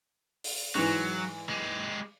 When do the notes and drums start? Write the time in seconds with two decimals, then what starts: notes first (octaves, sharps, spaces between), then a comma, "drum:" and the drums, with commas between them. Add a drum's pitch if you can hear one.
0.44 drum: open hi-hat
0.75 G#2 E3 F#3
1.49 G#3 G4